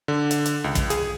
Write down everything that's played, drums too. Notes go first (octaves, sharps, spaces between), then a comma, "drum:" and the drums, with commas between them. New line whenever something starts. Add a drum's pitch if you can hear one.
D3
drum: hi-hat
drum: hi-hat
C#2
drum: kick, hi-hat
G#4, drum: hi-hat